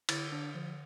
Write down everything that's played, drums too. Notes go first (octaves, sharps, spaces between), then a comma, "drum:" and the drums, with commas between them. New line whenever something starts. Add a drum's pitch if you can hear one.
D3 E4, drum: cymbal
D3 D4
D3 F3